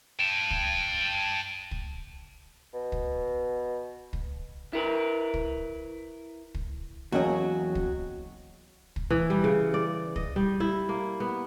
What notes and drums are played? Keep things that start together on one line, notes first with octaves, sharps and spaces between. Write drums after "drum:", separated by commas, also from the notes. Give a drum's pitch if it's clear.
G5 A5
drum: kick
drum: kick
B2
drum: kick
drum: kick
E4 A#4 B4
drum: kick
drum: kick
E2 F#3 A#3 C#4 F#4 D#5 G5
drum: kick
drum: kick
E3
G3
C#3
D5
D#5, drum: kick
G3
E4
A#3
B3